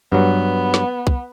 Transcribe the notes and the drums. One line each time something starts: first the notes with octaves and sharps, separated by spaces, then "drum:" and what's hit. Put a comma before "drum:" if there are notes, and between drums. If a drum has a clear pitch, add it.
G2 F#3 B3
drum: snare
drum: kick